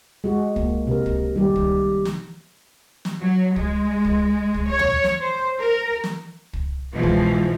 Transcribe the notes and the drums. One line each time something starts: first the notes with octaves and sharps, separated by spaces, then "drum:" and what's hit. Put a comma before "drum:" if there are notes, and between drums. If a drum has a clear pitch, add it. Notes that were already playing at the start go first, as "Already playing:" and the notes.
G#3 F#4
A#3, drum: kick
C3 A#4
drum: kick
D#3 G3 G4
drum: kick
drum: snare
drum: snare
F#3
G#3, drum: kick
drum: kick
drum: kick
C#5
drum: tom
drum: snare
C5
A#4
drum: snare
drum: kick
G#2 B2 E3 F3 G#3
drum: kick